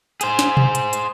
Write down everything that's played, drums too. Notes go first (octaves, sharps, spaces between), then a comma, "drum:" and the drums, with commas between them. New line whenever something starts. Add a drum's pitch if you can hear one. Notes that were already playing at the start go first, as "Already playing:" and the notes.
G#4 C5, drum: hi-hat
drum: snare
drum: tom B2
drum: hi-hat
drum: hi-hat